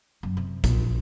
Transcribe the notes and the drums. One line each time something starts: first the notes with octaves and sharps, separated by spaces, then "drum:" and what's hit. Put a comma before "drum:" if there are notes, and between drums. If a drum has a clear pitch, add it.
F#2
C3
A#1, drum: kick, hi-hat